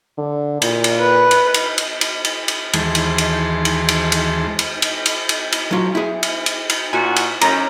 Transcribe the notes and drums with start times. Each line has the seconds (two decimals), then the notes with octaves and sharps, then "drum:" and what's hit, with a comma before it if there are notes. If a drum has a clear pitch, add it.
0.18 D3
0.62 A#2, drum: cymbal
0.84 drum: cymbal
1.00 B4
1.31 drum: cymbal
1.54 drum: cymbal
1.78 drum: cymbal
2.01 drum: cymbal
2.25 drum: cymbal
2.48 drum: cymbal
2.73 D#2 E3 G#3 A5 C6, drum: cymbal
2.95 drum: cymbal
3.18 drum: cymbal
3.65 drum: cymbal
3.89 drum: cymbal
4.12 drum: cymbal
4.59 drum: cymbal
4.82 drum: cymbal
5.06 drum: cymbal
5.29 drum: cymbal
5.52 drum: cymbal
5.71 F#3 F4
5.95 E4 G#4
6.23 drum: cymbal
6.46 drum: cymbal
6.70 drum: cymbal
6.93 A#2 F#4 G#5
7.16 drum: cymbal
7.41 F#2 C#4 A#5, drum: cymbal